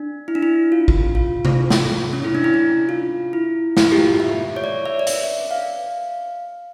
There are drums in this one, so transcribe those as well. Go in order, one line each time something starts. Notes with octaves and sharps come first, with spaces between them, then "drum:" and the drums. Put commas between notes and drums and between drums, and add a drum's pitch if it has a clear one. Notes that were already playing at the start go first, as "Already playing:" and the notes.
Already playing: D4
E4
D4
E4
F4
drum: kick
F4
drum: tom C3
drum: snare
C#4
E4
D4
E4
D4
F4
E4
E4, drum: snare
G4
F4
E5
C#5
D5
E5
D5
E5, drum: hi-hat
F5